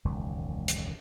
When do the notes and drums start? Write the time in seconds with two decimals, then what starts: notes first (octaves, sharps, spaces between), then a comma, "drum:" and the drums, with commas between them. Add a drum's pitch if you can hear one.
0.05 E1 C#2 F#2 D#3
0.68 drum: hi-hat